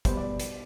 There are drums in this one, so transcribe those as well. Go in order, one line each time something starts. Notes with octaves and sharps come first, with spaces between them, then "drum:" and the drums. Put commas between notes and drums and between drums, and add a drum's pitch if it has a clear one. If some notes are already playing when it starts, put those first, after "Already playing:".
B2 G3 B3 C5, drum: kick, hi-hat
D5
drum: hi-hat